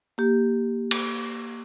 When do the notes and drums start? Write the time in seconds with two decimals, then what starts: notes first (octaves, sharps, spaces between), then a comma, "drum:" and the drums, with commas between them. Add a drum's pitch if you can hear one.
0.18 A#3 G4
0.91 drum: cymbal